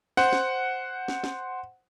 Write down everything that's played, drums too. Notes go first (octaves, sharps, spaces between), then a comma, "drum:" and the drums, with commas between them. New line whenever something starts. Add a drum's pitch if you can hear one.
C5 F#5, drum: snare
drum: snare
drum: snare
drum: snare